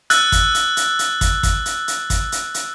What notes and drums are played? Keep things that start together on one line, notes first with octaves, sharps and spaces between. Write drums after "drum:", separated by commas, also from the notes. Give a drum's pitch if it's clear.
E6 F#6 A6, drum: hi-hat
drum: kick, hi-hat
drum: hi-hat
drum: hi-hat
drum: hi-hat
drum: kick, hi-hat
drum: kick, hi-hat
drum: hi-hat
drum: hi-hat
drum: kick, hi-hat
drum: hi-hat
drum: hi-hat